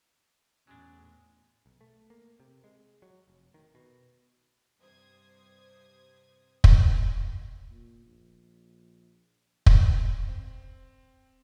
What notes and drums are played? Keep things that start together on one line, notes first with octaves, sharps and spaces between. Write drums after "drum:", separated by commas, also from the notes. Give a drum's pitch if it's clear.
E2 A2 F#3 G#3 C#4 D4 G#5
B1
A3
A#3
C3
G#3
F#3
F1
D#3
B2
G2 C3 C5 D#6 G#6
drum: kick
A#2
A#1
drum: kick
C4